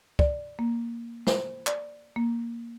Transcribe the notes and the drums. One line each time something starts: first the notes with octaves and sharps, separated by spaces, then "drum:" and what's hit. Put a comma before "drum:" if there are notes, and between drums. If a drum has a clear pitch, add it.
D5, drum: kick
A#3
C5, drum: snare
D5, drum: clap
A#3